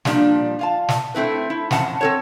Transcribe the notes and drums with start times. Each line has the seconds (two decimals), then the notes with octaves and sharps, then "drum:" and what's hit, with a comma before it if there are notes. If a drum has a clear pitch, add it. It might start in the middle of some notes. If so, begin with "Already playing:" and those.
0.05 A#2 F3 G3 D4, drum: snare
0.59 F4 F5 A5
0.89 drum: snare
1.15 A3 C4 E4 B4
1.50 E4
1.71 F2 C#3 E3 F#5 A5, drum: snare
2.01 C4 A4 C#5